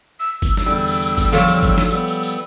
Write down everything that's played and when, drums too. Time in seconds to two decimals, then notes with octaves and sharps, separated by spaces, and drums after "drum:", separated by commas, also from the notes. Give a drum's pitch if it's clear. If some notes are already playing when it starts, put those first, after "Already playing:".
0.20 E6
0.42 drum: kick G1, tambourine
0.57 drum: snare
0.66 E2 D3 G3
0.87 drum: tambourine
1.02 drum: tambourine
1.17 drum: kick G1, tambourine
1.33 F3 A4 C#5, drum: snare
1.48 drum: tambourine
1.63 drum: kick G1, tambourine
1.78 drum: snare
1.91 G3 B3, drum: tambourine
2.08 drum: tambourine
2.23 drum: tambourine